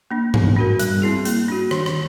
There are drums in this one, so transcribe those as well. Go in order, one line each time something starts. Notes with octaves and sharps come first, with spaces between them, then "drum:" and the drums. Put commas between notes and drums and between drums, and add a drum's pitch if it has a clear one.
A#3 D4
B3, drum: tom G2
D4 F#4 A#4
G3, drum: hi-hat
C4 E4 G#4
A#3, drum: hi-hat
D4 F#4
D#3, drum: rim click
drum: rim click